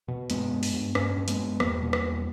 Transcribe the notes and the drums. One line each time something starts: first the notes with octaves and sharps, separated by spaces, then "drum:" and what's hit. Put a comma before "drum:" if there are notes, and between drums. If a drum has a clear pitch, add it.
B2
G2 G#3 B3, drum: hi-hat
G2
drum: open hi-hat
G2
G2 A#3 C#4, drum: rim click
G2
G#3 B3, drum: hi-hat
G2
E2 G3 A#3, drum: rim click
B2
drum: rim click
E2